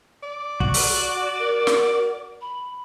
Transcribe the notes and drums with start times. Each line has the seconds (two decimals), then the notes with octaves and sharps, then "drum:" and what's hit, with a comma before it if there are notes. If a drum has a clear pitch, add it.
0.23 D5
0.60 F#4, drum: kick
0.74 drum: open hi-hat
1.39 A#4
1.67 drum: snare
2.41 B5